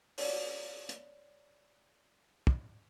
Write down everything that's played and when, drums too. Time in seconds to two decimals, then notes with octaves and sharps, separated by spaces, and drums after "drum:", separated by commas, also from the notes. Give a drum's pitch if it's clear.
0.18 C#5 D5, drum: open hi-hat
0.89 drum: hi-hat
2.47 drum: kick